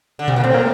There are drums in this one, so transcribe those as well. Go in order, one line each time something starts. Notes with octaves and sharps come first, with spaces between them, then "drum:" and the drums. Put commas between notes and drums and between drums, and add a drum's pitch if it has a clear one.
D3
C3, drum: tom A#2
A#2
A2 C4
A#3